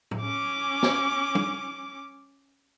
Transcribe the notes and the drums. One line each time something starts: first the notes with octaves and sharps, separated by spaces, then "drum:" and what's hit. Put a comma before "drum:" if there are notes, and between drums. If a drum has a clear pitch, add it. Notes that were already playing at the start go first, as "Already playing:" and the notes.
drum: tom
C#4 D6
drum: snare
drum: tom